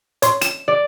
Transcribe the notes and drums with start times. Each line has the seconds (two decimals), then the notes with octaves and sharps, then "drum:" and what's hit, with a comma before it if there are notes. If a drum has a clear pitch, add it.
0.22 C#5 C6, drum: hi-hat
0.41 E7, drum: hi-hat
0.68 D5